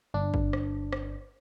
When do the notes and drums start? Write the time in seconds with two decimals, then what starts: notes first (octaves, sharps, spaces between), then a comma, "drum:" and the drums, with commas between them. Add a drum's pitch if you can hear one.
0.14 G1 D4
0.34 drum: kick
0.53 drum: rim click
0.92 drum: rim click